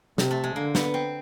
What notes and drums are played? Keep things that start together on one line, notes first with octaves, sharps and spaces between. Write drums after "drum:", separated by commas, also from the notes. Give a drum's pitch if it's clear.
C3, drum: snare
A3
G#3
D3 A#3
B3, drum: snare
C4